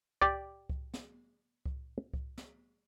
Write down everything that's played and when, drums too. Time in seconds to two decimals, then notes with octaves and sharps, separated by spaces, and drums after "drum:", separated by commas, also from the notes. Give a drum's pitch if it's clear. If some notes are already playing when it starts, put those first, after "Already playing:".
0.22 G4 D5, drum: kick C2
0.70 drum: kick C2
0.94 drum: snare
1.66 drum: kick C2
2.14 drum: kick C2
2.38 drum: snare